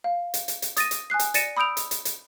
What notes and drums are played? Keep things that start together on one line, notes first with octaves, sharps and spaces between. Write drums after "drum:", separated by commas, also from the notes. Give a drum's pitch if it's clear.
F5
drum: hi-hat
drum: hi-hat
drum: hi-hat
D#6 A6 A#6 D#7, drum: hi-hat
drum: hi-hat
G#5 D#6 F#6 C7
drum: hi-hat
D5 A6 A#6 C#7 D#7 E7, drum: hi-hat
B5 D#6 E6 G6 D7 F7
drum: hi-hat
drum: hi-hat
drum: hi-hat